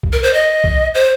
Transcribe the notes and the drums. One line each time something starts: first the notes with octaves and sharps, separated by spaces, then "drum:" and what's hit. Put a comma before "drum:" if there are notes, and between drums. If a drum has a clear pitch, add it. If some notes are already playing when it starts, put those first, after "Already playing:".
drum: kick C2
A#4
C5
D#5
drum: kick C2
C5